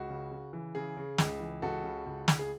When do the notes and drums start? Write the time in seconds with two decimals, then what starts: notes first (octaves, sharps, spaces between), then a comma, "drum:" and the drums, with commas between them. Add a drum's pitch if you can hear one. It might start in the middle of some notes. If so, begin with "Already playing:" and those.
Already playing: C#2 F#4
0.10 C#3
0.32 C#3
0.53 E3
0.75 C#3 G#4
0.97 C#3
1.18 C#2, drum: snare
1.40 E3
1.62 C#2 F#4 A4
1.84 C#3
2.06 C#2
2.28 C#3, drum: snare
2.39 G#4